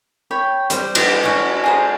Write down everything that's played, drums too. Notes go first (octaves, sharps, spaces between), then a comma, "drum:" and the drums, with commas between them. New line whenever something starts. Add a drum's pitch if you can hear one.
C#5 G5 B5
G3 C5, drum: hi-hat
B3 G4, drum: cymbal
C#4 F#4
G#4 C5 A#5